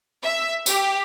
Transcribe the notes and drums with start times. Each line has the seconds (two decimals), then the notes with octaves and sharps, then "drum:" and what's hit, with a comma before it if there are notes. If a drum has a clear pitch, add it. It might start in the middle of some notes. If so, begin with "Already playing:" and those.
0.24 E5
0.66 G4, drum: tambourine